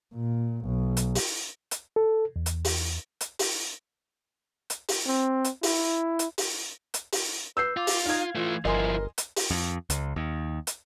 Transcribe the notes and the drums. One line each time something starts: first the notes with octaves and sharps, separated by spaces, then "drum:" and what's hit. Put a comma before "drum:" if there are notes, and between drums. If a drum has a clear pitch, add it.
A#2
B1
drum: hi-hat
drum: open hi-hat
drum: hi-hat
A4
E2
drum: hi-hat
drum: open hi-hat
drum: hi-hat
drum: open hi-hat
drum: hi-hat
drum: open hi-hat
C4
drum: hi-hat
E4, drum: open hi-hat
drum: hi-hat
drum: open hi-hat
drum: hi-hat
drum: open hi-hat
B4 E6 G6 C7
F4 D6
drum: open hi-hat
D#4 F5 G#6
E3 A3 F4
G1 F3 E4 A#4 D#5 G#5 C6
drum: hi-hat
drum: open hi-hat
F2
C#2, drum: hi-hat
D#2
drum: hi-hat